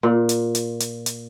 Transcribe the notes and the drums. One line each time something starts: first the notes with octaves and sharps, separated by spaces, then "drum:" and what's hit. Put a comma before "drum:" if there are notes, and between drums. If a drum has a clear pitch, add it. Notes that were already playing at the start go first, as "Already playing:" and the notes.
A#2
drum: hi-hat
drum: hi-hat
drum: hi-hat
drum: hi-hat